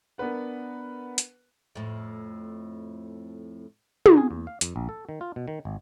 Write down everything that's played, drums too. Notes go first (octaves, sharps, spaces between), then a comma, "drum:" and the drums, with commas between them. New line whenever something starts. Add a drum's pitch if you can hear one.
B3 D4 A#4 B4 F#5
drum: hi-hat
F2 A2
D3, drum: tom
G#4
E2
F5
F2, drum: hi-hat
A#1
A4
D#3
F4
B2
D#3
G#1